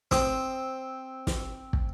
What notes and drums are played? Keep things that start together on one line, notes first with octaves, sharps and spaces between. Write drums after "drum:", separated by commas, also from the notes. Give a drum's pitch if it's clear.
C4 D#6, drum: snare
drum: snare
drum: kick